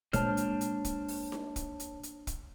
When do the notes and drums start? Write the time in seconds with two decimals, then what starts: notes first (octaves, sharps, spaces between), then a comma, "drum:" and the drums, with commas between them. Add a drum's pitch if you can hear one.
0.13 A#2 G#3 A#3 D4 C5 C#5 A5 F6, drum: kick, hi-hat
0.37 drum: hi-hat
0.61 drum: hi-hat
0.85 drum: kick, hi-hat
1.08 drum: open hi-hat
1.32 drum: snare D#4
1.56 drum: kick, hi-hat
1.80 drum: hi-hat
2.03 drum: hi-hat
2.27 drum: kick, hi-hat